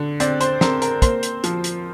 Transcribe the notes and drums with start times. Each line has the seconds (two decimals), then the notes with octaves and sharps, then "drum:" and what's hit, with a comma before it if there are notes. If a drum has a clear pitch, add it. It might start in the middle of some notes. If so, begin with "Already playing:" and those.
Already playing: D3
0.20 C4 D5, drum: hi-hat
0.41 C5, drum: hi-hat
0.61 C4 A#4, drum: snare
0.82 A#4, drum: hi-hat
1.02 A#3 C5, drum: kick, hi-hat
1.23 drum: hi-hat
1.44 F3, drum: hi-hat
1.64 drum: hi-hat